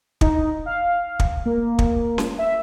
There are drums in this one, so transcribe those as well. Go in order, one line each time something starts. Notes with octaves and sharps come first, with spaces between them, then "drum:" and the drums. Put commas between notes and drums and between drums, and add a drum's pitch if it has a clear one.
D#4, drum: kick
F5
drum: kick
A#3
drum: kick
drum: snare C#4
E5